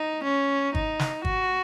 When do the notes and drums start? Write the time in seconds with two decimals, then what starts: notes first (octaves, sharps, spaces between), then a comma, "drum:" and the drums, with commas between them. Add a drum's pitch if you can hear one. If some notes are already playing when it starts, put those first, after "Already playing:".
Already playing: D#4
0.24 C#4
0.75 D#4, drum: kick
0.99 drum: snare
1.25 F#4, drum: kick